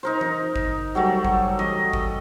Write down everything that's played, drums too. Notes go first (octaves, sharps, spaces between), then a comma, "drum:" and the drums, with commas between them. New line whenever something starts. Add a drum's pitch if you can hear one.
D#4 A#4 C5
drum: tom E3
drum: kick G#1
F#3 G3 A3
drum: kick G#1
D#5, drum: tom E3
drum: kick G#1